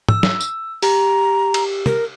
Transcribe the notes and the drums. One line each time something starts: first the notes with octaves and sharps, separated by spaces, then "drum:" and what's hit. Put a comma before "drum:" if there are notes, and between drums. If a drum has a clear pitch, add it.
E6, drum: tom
drum: snare
drum: tambourine
G4 A#5, drum: open hi-hat
drum: cymbal
A#4, drum: tom